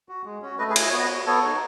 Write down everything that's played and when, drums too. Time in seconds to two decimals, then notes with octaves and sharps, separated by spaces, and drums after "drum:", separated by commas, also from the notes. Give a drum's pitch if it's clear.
0.09 F#4
0.25 G#3
0.42 C#4 F#4
0.58 A3 B4 D#5
0.70 G#4 B4
0.76 E4 D#5, drum: cymbal
0.89 B3 C#5
0.98 B4 D#5
1.08 F#4
1.26 B3 A4 C#5
1.42 D#4 F#4